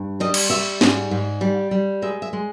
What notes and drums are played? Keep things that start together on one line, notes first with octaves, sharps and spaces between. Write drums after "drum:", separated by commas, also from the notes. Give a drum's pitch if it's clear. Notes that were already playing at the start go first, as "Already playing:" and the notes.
Already playing: G2
G3 D#5
drum: cymbal
G3 E5
G#2, drum: snare
G#2
G3
G3
G#3 E5
E5
G#3